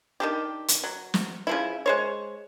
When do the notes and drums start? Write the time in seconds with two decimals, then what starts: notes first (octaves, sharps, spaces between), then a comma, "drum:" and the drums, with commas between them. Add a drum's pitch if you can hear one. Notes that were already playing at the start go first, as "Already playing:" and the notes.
0.20 D#3 D4 G4
0.68 drum: hi-hat
0.84 F#3
1.14 drum: snare
1.47 C#3 F3 E4
1.86 G#3 C5 C#5